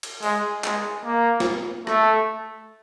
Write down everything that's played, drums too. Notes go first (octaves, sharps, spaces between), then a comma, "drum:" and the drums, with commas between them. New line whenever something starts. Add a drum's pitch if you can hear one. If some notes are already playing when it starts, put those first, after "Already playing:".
drum: cymbal
G#3, drum: open hi-hat
G#3, drum: clap
A#3
drum: snare
A3, drum: rim click